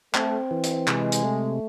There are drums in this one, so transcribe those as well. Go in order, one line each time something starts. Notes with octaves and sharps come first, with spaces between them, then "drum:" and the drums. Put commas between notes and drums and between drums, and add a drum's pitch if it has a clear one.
A3 C4, drum: clap
E3
drum: hi-hat
C3 G#3, drum: clap
drum: hi-hat
A3